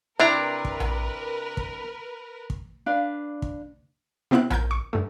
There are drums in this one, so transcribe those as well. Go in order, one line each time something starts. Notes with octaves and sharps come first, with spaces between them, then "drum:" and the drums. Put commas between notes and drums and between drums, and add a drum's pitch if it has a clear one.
C3 D4 E4 A#4 B4 A#5
drum: kick
drum: tom A#1
drum: kick
drum: kick
D4 B4 F5
drum: kick
C3 B3 C4 E4 F#6
F3 A#4 G6, drum: tom A#1
C#6
G2 A3